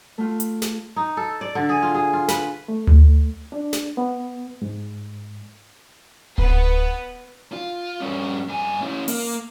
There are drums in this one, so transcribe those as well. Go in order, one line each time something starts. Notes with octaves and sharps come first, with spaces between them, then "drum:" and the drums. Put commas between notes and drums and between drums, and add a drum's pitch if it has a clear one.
A3 F4
drum: hi-hat
drum: snare
D#4
A4
D5
D3
G#4
F4
G#4
F4
B4, drum: snare
A3
drum: tom D2
D4
drum: snare
B3
G#2
B3 B4, drum: kick D1
F4
G2 C#4
G2 G#5
C#4 E4
A#3, drum: open hi-hat